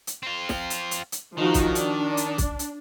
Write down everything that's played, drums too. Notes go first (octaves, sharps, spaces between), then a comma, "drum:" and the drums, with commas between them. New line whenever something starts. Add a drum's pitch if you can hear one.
drum: hi-hat
C4 F4
drum: snare
drum: hi-hat
drum: hi-hat
drum: hi-hat
D#3 F3 D#4 F#4
drum: kick, hi-hat
D4, drum: hi-hat
drum: hi-hat
drum: kick, hi-hat
drum: hi-hat